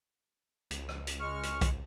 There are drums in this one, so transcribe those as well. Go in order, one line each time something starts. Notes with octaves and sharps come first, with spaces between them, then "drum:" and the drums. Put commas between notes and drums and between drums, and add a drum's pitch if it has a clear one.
C#2, drum: hi-hat
drum: rim click
drum: hi-hat
G#3 C#6 F6
drum: hi-hat
drum: kick B1, hi-hat